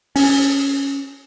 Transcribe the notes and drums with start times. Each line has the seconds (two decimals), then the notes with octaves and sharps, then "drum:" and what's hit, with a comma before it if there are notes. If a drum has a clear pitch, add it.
0.16 C#4, drum: open hi-hat